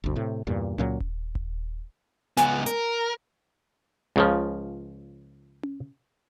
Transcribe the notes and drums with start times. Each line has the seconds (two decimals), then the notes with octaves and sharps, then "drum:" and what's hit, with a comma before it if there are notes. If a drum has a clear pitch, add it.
0.04 G1 D2
0.16 A2 C3
0.47 E2 G2 A#2
0.78 C#2 A#2 F#3, drum: tom C#4
1.00 drum: kick D#1
1.35 drum: kick D#1
2.37 C#2 B3 G#5, drum: snare
2.66 A#4, drum: hi-hat
4.16 C#2 C#3 F3
5.63 drum: tom C#4